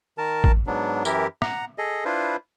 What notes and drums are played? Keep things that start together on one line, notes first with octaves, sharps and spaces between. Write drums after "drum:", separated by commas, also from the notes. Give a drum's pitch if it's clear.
D#3 A#4 A5
drum: kick A1
G#2 F#3 B3 D4
F#2 E3 E4 G4 A#4 E5, drum: tambourine
F#5 A#5, drum: rim click
G#4 A4 D#5
D4 E4 F4 B4 C5